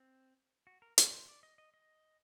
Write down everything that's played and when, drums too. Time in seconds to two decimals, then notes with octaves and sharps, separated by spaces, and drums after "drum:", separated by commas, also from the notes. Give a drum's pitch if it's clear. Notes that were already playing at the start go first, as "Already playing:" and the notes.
Already playing: C4
0.67 F#4
0.82 A#4
0.98 A#4, drum: hi-hat
1.13 C5
1.28 D5
1.43 D#5
1.58 D#5
1.74 D#5